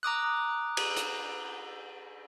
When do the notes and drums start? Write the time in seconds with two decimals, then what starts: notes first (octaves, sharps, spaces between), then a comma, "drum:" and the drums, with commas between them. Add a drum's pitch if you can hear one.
0.03 A#5 D6 D#6 F#6
0.77 drum: cymbal
0.96 drum: hi-hat